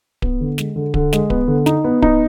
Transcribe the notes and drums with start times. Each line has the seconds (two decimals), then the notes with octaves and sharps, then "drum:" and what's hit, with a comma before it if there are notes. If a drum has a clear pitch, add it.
0.22 B3, drum: kick D1
0.40 D3
0.58 G#3, drum: snare
0.76 D3
0.94 D3, drum: kick D1
1.13 G#3, drum: snare
1.30 B3, drum: kick D1
1.48 D3
1.66 D#4, drum: snare
1.84 B3
2.02 D#4, drum: kick D1